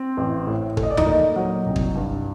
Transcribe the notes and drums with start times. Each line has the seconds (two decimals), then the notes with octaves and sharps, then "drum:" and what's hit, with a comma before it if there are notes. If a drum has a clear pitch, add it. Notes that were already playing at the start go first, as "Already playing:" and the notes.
Already playing: C4
0.17 A1
0.47 A2
0.77 A3, drum: kick
0.83 D#5
0.91 D5
0.97 D#4 D#5, drum: tom D#2
1.06 A#2
1.36 F#3
1.66 C2
1.76 drum: kick
1.95 G2